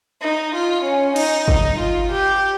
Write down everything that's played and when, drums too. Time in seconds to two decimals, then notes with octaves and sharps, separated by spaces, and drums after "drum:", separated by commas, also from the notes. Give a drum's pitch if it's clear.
0.22 D#4
0.53 F4
0.84 C#4
1.16 D#4, drum: cymbal
1.48 D#4, drum: kick
1.79 F4
2.11 G4